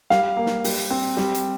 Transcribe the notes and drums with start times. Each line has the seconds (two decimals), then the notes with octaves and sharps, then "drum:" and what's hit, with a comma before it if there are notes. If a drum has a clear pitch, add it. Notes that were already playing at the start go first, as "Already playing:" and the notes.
0.10 G3 F5, drum: snare
0.37 A#3
0.46 drum: snare
0.64 G3, drum: open hi-hat
0.90 C4
1.17 G3, drum: snare
1.35 drum: hi-hat